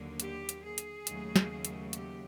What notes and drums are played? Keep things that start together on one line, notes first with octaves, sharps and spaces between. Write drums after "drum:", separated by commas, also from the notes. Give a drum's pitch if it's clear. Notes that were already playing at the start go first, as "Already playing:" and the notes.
Already playing: D#2 D3 F#3 A#3
G4, drum: hi-hat
drum: hi-hat
G#4
drum: hi-hat
D#2 C#3 F#3 A3, drum: hi-hat
drum: snare
drum: hi-hat
G4, drum: hi-hat